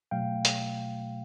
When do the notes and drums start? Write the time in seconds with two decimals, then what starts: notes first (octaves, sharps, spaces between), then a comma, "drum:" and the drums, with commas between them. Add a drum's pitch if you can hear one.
0.11 B2 F#3 A3 F5 G5
0.45 drum: hi-hat